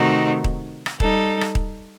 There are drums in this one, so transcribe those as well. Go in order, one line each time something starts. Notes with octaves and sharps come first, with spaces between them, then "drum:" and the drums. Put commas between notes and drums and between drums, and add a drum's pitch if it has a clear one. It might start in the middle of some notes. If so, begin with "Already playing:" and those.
Already playing: C3 D#3 A3 D#4 F#4
drum: kick D#1
drum: rim click
G3 D#4 A4, drum: kick D#1
drum: rim click
drum: kick D#1